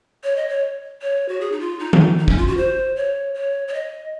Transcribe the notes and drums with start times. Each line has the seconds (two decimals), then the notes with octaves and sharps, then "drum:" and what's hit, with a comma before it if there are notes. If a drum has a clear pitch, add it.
0.24 C#5
0.36 D#5
0.49 C#5
1.02 C#5
1.29 F#4
1.41 G#4
1.52 D#4
1.60 F4
1.79 D#4
1.93 drum: tom D#3
2.18 D#4
2.28 C#4, drum: kick
2.38 F4
2.47 F#4
2.57 C5
2.96 C#5
3.34 C#5
3.68 C#5
3.74 D#5